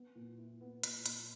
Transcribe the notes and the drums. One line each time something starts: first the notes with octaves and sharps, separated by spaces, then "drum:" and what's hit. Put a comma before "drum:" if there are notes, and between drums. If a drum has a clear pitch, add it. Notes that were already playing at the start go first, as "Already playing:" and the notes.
Already playing: B3
A#2
E4
B3
A#2, drum: hi-hat
A#2, drum: hi-hat